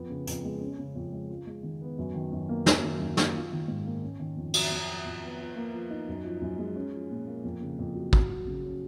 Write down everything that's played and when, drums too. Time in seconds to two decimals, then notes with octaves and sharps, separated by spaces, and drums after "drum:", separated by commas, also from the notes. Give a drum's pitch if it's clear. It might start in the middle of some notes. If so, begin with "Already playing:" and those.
Already playing: F2 B3
0.10 C#3
0.27 F2, drum: hi-hat
0.45 G#3
0.61 C#4
0.78 C#3
0.96 F2
1.13 G#3
1.29 F4
1.47 G#3
1.63 D#3
1.81 B3
1.98 F#2
2.14 D#3
2.32 F#2
2.49 A#3
2.66 F#2, drum: snare
2.83 D#3
3.00 F#2
3.17 A#3, drum: snare
3.34 F4
3.52 D#3
3.68 G#2
3.86 A#3
4.02 C#4
4.20 D#3
4.37 F2
4.54 F#3, drum: cymbal
4.71 F2
4.87 F3
5.05 F2
5.23 B3
5.40 F3
5.56 A#3
5.74 F3
5.90 D#4
6.08 F#2
6.25 F3
6.41 F#2
6.58 G#3
6.76 C#4
6.93 F3
7.10 A#2
7.27 A#3
7.44 F2
7.61 C#3
7.79 F2
7.95 F#3
8.13 F#4, drum: kick
8.29 F#3
8.47 C#3
8.64 C#4